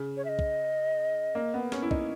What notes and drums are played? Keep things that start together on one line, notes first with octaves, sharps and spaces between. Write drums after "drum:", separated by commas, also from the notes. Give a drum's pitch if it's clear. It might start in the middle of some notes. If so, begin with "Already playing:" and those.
Already playing: C#3
C#5
E5
D#5
drum: kick
A#3
B3
C#4, drum: snare
E4
D#4, drum: kick